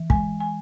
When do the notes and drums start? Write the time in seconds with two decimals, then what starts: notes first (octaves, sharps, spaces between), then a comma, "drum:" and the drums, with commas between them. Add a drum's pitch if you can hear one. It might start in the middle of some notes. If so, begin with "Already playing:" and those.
Already playing: E3
0.10 G#3 G#5, drum: kick
0.40 G#5